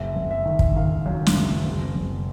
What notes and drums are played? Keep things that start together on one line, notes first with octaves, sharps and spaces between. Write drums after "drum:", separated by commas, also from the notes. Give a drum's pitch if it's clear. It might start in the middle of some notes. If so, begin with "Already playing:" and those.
Already playing: F#1 E5
F#1
E5
D#3
drum: kick
D#3 F5
F#2
drum: snare
F#1
F#1
F#1